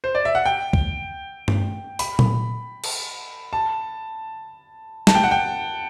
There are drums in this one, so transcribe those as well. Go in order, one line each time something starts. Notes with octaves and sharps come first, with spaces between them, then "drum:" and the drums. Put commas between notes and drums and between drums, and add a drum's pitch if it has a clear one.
C5
D5
E5
F#5
G5
drum: kick
drum: tom G2
B5, drum: open hi-hat
drum: tom A#2
drum: cymbal
A5
A5, drum: snare
G5
F#5
G5